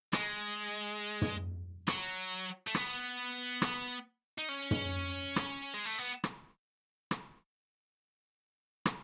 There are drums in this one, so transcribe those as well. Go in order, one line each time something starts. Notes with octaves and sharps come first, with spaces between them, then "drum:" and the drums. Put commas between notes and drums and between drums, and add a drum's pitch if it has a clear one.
G#3, drum: rim click
drum: tom
F#3, drum: rim click
A3
B3, drum: rim click
drum: rim click
D#4
C#4
drum: tom
drum: rim click
G#3
A3
B3
drum: rim click
drum: rim click
drum: rim click